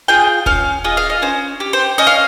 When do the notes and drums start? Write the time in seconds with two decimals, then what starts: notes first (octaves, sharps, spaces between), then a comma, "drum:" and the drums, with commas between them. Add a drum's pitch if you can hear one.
0.08 F4 G#4 G5
0.46 C#4 F5, drum: kick D#1
0.84 F4 G#4 D#5
0.97 F5
1.10 D#5
1.22 C#4 C5
1.60 G4
1.73 C5
1.98 C#4 D#5
2.07 F5